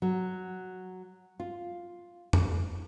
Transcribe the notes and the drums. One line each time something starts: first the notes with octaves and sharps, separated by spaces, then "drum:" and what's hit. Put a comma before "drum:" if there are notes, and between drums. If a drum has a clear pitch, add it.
F#3
F4
drum: tom F2